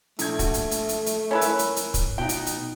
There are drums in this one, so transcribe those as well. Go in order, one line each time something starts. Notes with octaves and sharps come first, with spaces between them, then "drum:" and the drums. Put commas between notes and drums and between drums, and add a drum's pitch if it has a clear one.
A#1 A3 G#6, drum: hi-hat
F#4, drum: kick, hi-hat
drum: hi-hat
drum: hi-hat
drum: hi-hat
drum: hi-hat
C#4 E4 A#4 B4 C#5 E6
drum: hi-hat
drum: hi-hat
drum: hi-hat
drum: kick, hi-hat
B2 D#4 G5
drum: hi-hat
drum: hi-hat